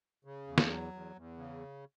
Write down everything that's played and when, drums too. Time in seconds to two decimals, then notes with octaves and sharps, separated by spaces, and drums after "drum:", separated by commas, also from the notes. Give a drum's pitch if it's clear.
0.25 C#3
0.47 E2
0.58 drum: snare
0.70 F#3
0.93 E2
1.16 E2
1.37 C#3